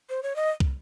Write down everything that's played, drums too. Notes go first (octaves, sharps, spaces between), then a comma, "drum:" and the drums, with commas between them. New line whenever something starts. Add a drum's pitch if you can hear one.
C5
C#5
D#5
drum: kick